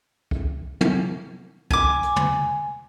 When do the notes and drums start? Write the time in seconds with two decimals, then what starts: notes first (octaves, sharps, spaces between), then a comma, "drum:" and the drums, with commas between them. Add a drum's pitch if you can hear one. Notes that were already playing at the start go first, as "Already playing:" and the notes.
0.31 drum: kick
0.81 drum: tom
1.71 G#5 D6, drum: kick
2.03 drum: hi-hat
2.16 drum: tom